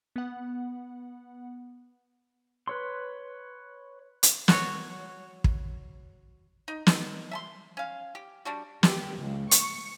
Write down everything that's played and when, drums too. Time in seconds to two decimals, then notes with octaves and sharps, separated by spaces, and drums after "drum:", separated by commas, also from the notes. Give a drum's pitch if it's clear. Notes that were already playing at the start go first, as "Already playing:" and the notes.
0.16 B3 F#5
2.68 B4 C#5 C6
4.23 drum: hi-hat
4.48 F#4 C#5, drum: snare
5.44 drum: kick
6.68 D#4
6.87 D#4, drum: snare
7.31 E5 A5 C6
7.77 C#4 F5
8.15 G4
8.45 G3 D4 F#4
8.83 G4, drum: snare
9.18 C#2
9.51 C#6, drum: hi-hat